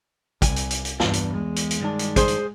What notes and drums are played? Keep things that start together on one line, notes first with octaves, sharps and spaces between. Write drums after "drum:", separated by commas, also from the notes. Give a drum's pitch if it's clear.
C2 G#5, drum: kick, hi-hat
drum: hi-hat
drum: hi-hat
drum: hi-hat
E2 G2, drum: snare
drum: hi-hat
G#3
drum: hi-hat
drum: hi-hat
G2 D#3 D4
drum: hi-hat
G#4 C5, drum: kick, hi-hat
drum: hi-hat